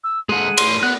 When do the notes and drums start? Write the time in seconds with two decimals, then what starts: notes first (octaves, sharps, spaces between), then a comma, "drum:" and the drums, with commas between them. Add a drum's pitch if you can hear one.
0.04 E6
0.29 D3 G#3 G#4 F#5 D#7
0.58 A2 C6, drum: cymbal
0.83 B3 F#6